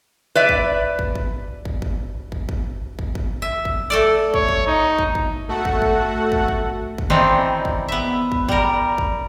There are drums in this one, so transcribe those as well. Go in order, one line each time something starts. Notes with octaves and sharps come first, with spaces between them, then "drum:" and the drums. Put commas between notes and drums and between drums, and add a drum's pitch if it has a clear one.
B4 D5 E5
drum: kick
drum: kick
drum: kick
drum: kick
drum: kick
drum: kick
drum: kick
drum: kick
drum: kick
E5
drum: kick
A3 A4 D5
C#5, drum: kick
drum: kick
D#4
drum: kick
drum: kick
A3 F#4 A4 F#5
drum: kick
drum: kick
drum: kick
drum: kick
drum: kick
D#3 E3 G3 C4 D4 D#4
drum: kick
B3 E5
drum: kick
G3 A#4, drum: kick
drum: kick